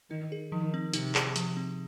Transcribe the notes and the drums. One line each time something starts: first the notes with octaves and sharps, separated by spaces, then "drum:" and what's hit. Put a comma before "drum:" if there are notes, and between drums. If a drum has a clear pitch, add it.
D#3 D#4
G#4
D#3 F3
C4
C3 D#4, drum: hi-hat
G#4, drum: clap
F3, drum: hi-hat
C4